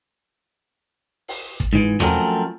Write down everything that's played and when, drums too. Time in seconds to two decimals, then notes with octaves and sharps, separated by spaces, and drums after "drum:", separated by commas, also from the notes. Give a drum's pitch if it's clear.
1.28 drum: open hi-hat
1.60 drum: kick
1.73 G#2 E3
2.00 F3 F#3 A3 C4 C#4 A#4, drum: tom E2